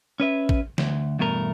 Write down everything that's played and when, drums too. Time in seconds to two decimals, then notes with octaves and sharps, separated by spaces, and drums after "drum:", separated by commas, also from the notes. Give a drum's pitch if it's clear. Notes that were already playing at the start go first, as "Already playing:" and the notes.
0.20 C#4 B4 E5
0.49 drum: kick A1
0.78 D2, drum: snare
1.19 E2 G2 B2 A3 A#4